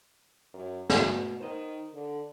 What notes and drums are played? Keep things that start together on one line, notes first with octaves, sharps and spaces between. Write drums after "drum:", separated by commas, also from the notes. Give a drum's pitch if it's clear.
F#2
B2 A3 A#3 F#4, drum: snare
D#3 C5 D#5
D3